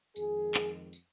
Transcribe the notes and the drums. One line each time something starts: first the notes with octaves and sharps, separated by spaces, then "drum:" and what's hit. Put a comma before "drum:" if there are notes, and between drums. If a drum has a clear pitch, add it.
F2 D#3 G#3 G#4, drum: tambourine
drum: clap
drum: tambourine